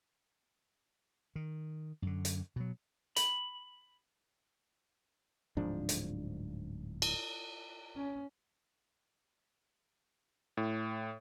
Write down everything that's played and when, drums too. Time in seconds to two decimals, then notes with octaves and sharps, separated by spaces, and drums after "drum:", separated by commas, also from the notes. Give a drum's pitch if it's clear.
1.36 D#3
2.02 F#2 D3
2.25 drum: hi-hat
2.56 B2 F#3
3.16 B5, drum: hi-hat
5.57 D1 G#2 F3 D4
5.89 drum: hi-hat
7.02 drum: cymbal
7.96 C#4
10.57 A2